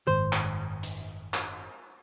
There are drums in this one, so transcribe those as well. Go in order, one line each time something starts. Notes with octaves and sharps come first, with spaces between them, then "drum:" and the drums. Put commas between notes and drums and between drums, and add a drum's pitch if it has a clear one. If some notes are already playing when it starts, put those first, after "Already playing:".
F#1 G#2 D#3 C5
drum: clap
drum: hi-hat
drum: clap